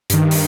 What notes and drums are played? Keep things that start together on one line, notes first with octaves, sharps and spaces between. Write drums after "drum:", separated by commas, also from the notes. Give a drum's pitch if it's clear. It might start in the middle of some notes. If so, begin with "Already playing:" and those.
G2 D#3, drum: hi-hat
drum: open hi-hat